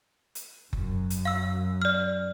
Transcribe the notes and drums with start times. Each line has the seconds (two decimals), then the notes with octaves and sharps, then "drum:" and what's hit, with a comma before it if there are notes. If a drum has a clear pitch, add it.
0.35 drum: hi-hat
0.73 F#2, drum: kick F#1
1.10 drum: hi-hat
1.25 F5 E6
1.82 D5 F6